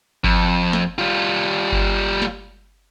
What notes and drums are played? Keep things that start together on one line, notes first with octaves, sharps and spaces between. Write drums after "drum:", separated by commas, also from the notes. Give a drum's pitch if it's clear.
F2, drum: kick G1
drum: snare
G3 F4
drum: kick G1
drum: snare